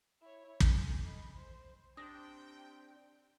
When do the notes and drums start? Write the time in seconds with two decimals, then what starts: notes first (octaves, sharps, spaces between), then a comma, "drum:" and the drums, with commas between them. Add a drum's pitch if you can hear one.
0.22 E4 C#5
0.60 A4 G#5, drum: kick
1.05 D#5 B5
1.34 C5
1.97 C3 C4 D4 G5 D#6 A#6